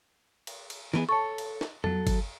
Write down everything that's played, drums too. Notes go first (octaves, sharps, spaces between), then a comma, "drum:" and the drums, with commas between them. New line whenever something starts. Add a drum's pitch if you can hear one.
drum: cymbal
drum: cymbal
E3 B3 G#4, drum: snare
A4 C#5 A5 C#6
drum: cymbal
drum: snare
F#3 A4, drum: tom F2
drum: kick G1, cymbal